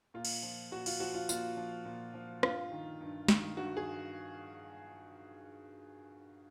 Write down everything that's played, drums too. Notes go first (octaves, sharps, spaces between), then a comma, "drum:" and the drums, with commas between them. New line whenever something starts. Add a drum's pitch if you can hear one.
A#2 F4
drum: cymbal
F3
A#2 F#4
F4, drum: cymbal
F3 F#4
F4
A#2 F4, drum: tambourine
F3
A#2
F3
G2 F4, drum: rim click
D#3
G2
D#3, drum: snare
G2 F#4
G#4